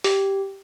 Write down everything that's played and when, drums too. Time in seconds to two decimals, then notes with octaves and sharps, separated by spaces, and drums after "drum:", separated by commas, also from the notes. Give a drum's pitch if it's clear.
0.04 G4, drum: open hi-hat